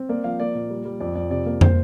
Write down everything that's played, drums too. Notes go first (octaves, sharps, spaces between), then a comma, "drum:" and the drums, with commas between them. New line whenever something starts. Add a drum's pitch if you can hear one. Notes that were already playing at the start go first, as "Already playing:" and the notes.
Already playing: C4
A#3 D5
F3 F5
A#3 D5
A#2
G3
G3
F2 D5
F2 D5
C3 D5
A#3
A#2 C5, drum: tom